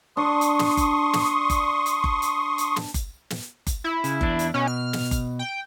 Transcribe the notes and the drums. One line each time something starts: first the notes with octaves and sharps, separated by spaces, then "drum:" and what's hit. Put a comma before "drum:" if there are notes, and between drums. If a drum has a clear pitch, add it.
D4 C6 C#6 D#6
drum: hi-hat
drum: snare
drum: kick F#1, hi-hat
drum: snare
drum: kick F#1, hi-hat
drum: hi-hat
drum: kick F#1
drum: hi-hat
drum: hi-hat
drum: snare
drum: kick F#1, hi-hat
drum: snare
drum: kick F#1, hi-hat
E4
C#3, drum: hi-hat
E2 D4, drum: kick F#1
drum: hi-hat
B2 C#4
F6
drum: snare
drum: kick F#1, hi-hat
G5